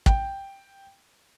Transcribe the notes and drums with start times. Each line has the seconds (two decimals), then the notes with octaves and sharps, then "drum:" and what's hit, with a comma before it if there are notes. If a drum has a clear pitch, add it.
0.06 G5, drum: kick